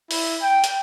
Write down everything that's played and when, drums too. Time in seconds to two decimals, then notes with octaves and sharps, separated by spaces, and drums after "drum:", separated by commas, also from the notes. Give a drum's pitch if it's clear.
0.11 E4, drum: open hi-hat
0.42 G5
0.64 drum: hi-hat